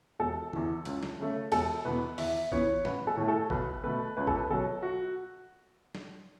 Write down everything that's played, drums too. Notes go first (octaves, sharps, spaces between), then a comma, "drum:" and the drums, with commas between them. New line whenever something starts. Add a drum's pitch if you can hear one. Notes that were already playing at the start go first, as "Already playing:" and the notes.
E1 A4
E2 E3, drum: tom C#3
C#2, drum: hi-hat
drum: snare
C#3 A3
E1 A4, drum: cymbal
E2 B2 B3 B4
E2 E5, drum: open hi-hat
E3 B3 C#5, drum: kick
A1 B4, drum: snare
A4
A2 A3
A4
B1 B4, drum: kick
B2 A3 B4
C#2 B4
A4, drum: kick
B4
B2 F#3 A4
F#4
drum: snare